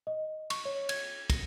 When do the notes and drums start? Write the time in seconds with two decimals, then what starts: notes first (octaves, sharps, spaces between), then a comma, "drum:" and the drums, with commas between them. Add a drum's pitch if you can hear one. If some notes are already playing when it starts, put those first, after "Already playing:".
0.07 D#5
0.50 C#6, drum: cymbal
0.65 C#5
0.89 G#6, drum: cymbal
1.30 A#6, drum: kick, cymbal